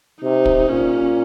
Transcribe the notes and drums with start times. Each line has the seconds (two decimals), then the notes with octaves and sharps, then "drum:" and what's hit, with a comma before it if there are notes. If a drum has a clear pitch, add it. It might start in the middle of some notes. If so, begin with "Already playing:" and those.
0.22 C3 D#4
0.45 drum: kick
0.69 A#2 C#4